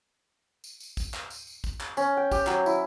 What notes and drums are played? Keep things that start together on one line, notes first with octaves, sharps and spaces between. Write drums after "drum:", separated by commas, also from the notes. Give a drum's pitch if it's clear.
drum: tambourine
drum: tambourine
drum: kick, tambourine
drum: clap
drum: tambourine
drum: tambourine
drum: kick, tambourine
drum: clap
C#4, drum: tambourine
G5
G4, drum: kick, tambourine
F#3, drum: clap
E4, drum: tambourine